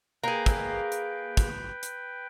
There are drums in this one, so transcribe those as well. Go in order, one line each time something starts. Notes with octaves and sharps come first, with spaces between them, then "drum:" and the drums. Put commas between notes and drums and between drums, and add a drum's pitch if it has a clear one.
A#3 G#4 B4 G5
drum: kick, hi-hat
drum: hi-hat
drum: kick, hi-hat
drum: hi-hat